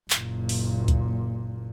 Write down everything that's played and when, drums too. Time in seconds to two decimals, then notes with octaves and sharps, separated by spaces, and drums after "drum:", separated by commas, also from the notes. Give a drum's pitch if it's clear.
0.10 F#1 A#2, drum: clap
0.49 drum: open hi-hat
0.88 drum: kick C#2, hi-hat